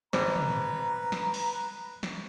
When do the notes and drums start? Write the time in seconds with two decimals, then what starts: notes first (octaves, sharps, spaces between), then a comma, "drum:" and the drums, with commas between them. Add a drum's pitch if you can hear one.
0.13 G#1 B4 C5 A#5 D6, drum: snare
0.36 drum: tom
1.12 drum: snare
1.34 drum: open hi-hat
2.03 drum: snare